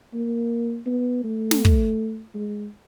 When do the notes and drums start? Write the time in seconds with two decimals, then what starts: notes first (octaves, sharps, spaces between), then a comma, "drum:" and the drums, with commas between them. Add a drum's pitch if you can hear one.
0.14 A#3
0.86 B3
1.24 A3
1.51 drum: snare
1.65 drum: kick
2.34 G#3